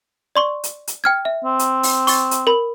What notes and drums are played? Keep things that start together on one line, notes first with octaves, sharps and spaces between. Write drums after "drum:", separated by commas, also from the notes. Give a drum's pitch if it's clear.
D5 C6 C#6
drum: hi-hat
drum: hi-hat
G5 F6 G#6
E5
C4
drum: hi-hat
drum: open hi-hat
C#6 A6, drum: open hi-hat
drum: hi-hat
A#4 B5